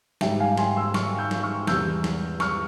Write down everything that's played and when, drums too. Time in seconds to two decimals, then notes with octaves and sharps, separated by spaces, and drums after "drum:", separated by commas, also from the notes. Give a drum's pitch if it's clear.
0.21 G#2 G3 E5 G5, drum: snare
0.40 F5 G#5
0.58 G#5 C6, drum: snare
0.76 C6 E6
0.94 C#6 F6, drum: snare
1.19 E6 G6
1.31 drum: snare
1.43 C#6 F6
1.67 E2 C3 G3 E6 G6, drum: snare
2.04 drum: snare
2.40 C#6 F6, drum: snare